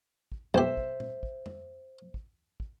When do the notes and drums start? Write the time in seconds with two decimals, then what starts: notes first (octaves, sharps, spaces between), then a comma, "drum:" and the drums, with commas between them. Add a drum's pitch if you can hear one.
0.32 drum: kick
0.54 B1 G4 C5 E5
0.77 drum: kick
1.00 drum: tom A#2
1.23 drum: kick
1.46 drum: tom F2
2.14 drum: kick
2.60 drum: kick